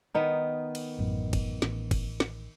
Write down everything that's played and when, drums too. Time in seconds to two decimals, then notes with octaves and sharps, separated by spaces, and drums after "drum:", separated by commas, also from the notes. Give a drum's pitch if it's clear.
0.14 D#3 B3 D#4
0.75 drum: cymbal
0.99 A1 F#2
1.33 drum: kick, cymbal
1.62 A1, drum: snare
1.91 drum: kick, cymbal
2.20 drum: snare